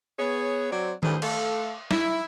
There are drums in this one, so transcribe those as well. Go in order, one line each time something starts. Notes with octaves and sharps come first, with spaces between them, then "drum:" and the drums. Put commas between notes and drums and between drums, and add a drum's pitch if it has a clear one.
B3 G#4 C#5
F#3 C4 D5
D2 A2 E3 G3 G#4 C5, drum: tom D#3
A3 A4 F5, drum: cymbal
E4, drum: snare